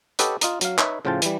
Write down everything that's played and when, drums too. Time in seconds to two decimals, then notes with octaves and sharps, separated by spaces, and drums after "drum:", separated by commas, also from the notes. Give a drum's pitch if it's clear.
0.19 G4 A4 B4 C#5 D#5 F#5, drum: hi-hat
0.41 F4 D#5 A#5, drum: hi-hat
0.61 F#3 F5, drum: hi-hat
0.78 D#4 B4 C#5 E5, drum: clap
1.05 A2 C#3 F3 F4 G5 A5
1.22 E3 G3, drum: hi-hat